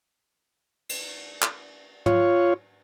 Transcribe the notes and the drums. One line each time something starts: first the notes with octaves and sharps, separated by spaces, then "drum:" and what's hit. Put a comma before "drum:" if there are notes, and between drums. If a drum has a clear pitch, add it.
drum: cymbal
drum: clap
F4 C#5, drum: tom